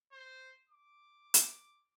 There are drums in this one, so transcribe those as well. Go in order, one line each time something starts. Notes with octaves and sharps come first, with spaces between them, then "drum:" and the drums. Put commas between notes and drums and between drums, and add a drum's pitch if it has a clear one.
C5
D6
drum: hi-hat